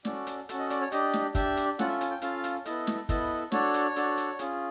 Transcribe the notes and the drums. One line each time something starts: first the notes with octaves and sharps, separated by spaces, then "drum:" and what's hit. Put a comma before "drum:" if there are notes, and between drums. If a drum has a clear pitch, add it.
C#4 F#4 A4 D5, drum: snare
drum: hi-hat
C#4 F#4 A4, drum: hi-hat
D#5
D5, drum: hi-hat
C#5
D4 G4 D#5, drum: hi-hat
drum: snare
D4 G4 E5, drum: kick, hi-hat
drum: hi-hat
C#4 F4 A4 F#5, drum: snare
E5
G#5, drum: hi-hat
G5
C#4 F4 A4 F5, drum: hi-hat
drum: hi-hat
B3 E4 A4 D#5, drum: hi-hat
drum: snare
B3 E4 A4 D#5, drum: kick, hi-hat
D4 F#4 A4 C#5, drum: snare
drum: hi-hat
D4 F#4 A4, drum: hi-hat
drum: hi-hat
C#4 F4 G#4, drum: hi-hat